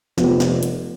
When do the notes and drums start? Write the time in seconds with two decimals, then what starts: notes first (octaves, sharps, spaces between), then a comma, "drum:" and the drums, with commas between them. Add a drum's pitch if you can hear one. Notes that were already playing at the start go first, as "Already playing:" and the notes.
0.18 F1 F3 B3 G4, drum: snare
0.40 drum: snare
0.63 drum: hi-hat